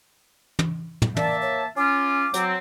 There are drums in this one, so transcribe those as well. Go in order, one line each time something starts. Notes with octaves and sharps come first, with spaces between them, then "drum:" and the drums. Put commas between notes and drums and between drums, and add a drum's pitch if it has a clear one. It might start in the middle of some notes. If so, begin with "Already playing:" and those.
drum: tom
drum: tom
A#3 D5 E5 A5, drum: tom
C#5
C#4 F4 D6
F#3 C4, drum: hi-hat